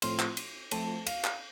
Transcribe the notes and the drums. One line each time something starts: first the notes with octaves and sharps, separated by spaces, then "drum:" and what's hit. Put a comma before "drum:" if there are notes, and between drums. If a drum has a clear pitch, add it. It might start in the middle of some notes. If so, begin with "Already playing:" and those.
A2 F3 A3 C4 F4 C6, drum: cymbal
drum: clap
drum: cymbal
F3 A3 C4 A4 A5, drum: cymbal
F5, drum: cymbal
drum: clap